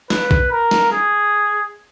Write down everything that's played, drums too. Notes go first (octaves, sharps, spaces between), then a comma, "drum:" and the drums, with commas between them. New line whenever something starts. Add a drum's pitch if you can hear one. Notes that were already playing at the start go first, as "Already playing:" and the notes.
B4, drum: snare
drum: kick
A#4
drum: snare
G#4